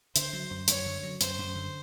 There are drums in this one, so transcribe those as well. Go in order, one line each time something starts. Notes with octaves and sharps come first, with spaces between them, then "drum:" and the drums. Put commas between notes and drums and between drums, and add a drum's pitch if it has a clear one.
D3 C5, drum: hi-hat
F#3
F#2
F#2 C#5, drum: hi-hat
D3
F#3
F#2 C5, drum: hi-hat
F#2
D3